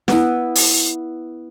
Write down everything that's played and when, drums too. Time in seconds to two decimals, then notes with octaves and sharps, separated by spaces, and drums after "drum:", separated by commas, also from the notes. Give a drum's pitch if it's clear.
0.08 B3 E4, drum: snare
0.55 drum: open hi-hat